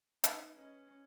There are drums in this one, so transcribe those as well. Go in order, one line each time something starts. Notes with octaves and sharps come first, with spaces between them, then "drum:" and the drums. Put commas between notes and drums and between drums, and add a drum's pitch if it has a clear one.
D#4 B4 D#5, drum: hi-hat
C#4 B4 D#5